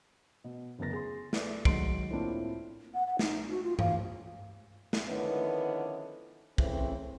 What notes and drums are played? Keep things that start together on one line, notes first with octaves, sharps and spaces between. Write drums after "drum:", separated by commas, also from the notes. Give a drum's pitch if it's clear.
B2
F#1 D2 B3 A#4 A6 A#6
G#4 C6
A3 B4 D5, drum: snare
D#3 F#3 G#3 C6 C7 D7, drum: kick
A2 A#3 C4 D4 E4 F4
F#5
F#5
D#4, drum: snare
F#4
F4
F5, drum: tom G2
drum: snare
D3 D#3 F3 B3 C#4 E4
C#3 E3 A3 C4, drum: kick